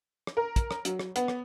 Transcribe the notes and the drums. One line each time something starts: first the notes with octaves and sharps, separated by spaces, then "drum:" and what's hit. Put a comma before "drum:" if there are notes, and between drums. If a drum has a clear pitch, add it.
drum: rim click
A#4
drum: kick, hi-hat
drum: rim click
F#3, drum: hi-hat
drum: rim click
B3, drum: hi-hat
drum: rim click